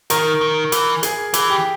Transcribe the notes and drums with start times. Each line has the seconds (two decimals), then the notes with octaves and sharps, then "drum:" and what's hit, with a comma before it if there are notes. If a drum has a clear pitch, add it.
0.10 D#3 A#4, drum: hi-hat
0.41 D#3
0.72 E3, drum: hi-hat
1.03 G#4, drum: hi-hat
1.34 E3, drum: hi-hat
1.50 G4